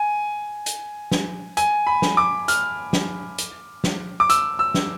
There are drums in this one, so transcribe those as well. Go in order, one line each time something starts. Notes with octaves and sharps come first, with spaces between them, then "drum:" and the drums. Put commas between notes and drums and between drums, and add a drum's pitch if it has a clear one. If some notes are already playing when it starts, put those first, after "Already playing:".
Already playing: G#5
drum: hi-hat
drum: snare
G#5, drum: hi-hat
B5
drum: snare
D6
F6, drum: hi-hat
drum: snare
drum: hi-hat
drum: snare
D6
E6, drum: hi-hat
E6
drum: snare